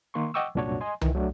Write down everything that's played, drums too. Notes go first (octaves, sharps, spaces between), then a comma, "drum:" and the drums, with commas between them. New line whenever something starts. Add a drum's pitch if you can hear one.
D#3 A#3 C6 C#6
D#5 F#5 G5 C#6 D6 E6
C2 F#2 A#2 D4 F#4 C#5
D#5 G#5 C6
D#3 E3, drum: tom C2
F#3 A3 D4